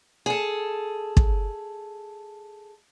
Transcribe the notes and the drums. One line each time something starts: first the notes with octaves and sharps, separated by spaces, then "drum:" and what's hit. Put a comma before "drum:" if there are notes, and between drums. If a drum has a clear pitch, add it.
G#4 A4
drum: kick